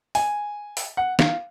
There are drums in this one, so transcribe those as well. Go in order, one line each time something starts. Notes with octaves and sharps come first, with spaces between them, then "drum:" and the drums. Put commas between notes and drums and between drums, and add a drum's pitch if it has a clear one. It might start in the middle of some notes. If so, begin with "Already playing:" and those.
G#5, drum: open hi-hat
drum: open hi-hat
F#5
F5, drum: snare